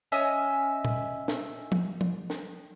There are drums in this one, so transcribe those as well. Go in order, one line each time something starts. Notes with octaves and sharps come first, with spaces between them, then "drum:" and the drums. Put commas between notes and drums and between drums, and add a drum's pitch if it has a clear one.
C#4 D#5 E5
drum: tom A#2
drum: snare
drum: tom
drum: tom
drum: snare